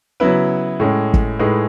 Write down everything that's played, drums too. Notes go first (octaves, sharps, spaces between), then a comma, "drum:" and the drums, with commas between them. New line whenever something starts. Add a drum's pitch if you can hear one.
C#3 F#3 B3 E4 B4
A2 G#3 C#4
drum: kick
A2 G#3 D#4 G#4 B4